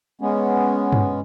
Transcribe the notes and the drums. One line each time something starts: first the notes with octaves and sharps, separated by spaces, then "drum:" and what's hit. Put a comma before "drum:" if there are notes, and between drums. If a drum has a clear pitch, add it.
G#3 B3 C#4
drum: tom G2